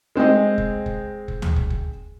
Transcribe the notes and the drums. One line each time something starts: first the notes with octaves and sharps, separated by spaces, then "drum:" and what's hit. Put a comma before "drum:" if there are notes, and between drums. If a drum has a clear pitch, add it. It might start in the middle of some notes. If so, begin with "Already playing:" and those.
G#3 C4 G#4 D#5
drum: kick
drum: kick
drum: kick
drum: tom
drum: kick
drum: kick